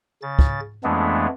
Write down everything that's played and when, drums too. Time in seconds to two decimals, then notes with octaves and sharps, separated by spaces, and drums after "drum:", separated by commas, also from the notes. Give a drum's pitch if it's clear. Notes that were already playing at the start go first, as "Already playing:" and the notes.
0.22 C#3 A6
0.39 drum: kick
0.84 F2 E3 G#3 A3 B3 D4